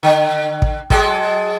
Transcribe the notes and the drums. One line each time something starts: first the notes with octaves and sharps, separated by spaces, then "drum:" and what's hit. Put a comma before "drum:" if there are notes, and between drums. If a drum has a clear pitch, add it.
D3
drum: kick
F#3 G#3 A4, drum: kick